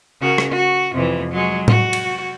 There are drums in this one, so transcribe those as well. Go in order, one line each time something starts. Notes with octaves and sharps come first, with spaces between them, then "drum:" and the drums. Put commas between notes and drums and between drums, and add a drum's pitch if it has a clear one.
C#3 F#4 A#4
drum: rim click
F#4
F2 C3 E3
F#3 G#3
F#4, drum: tom A2
drum: cymbal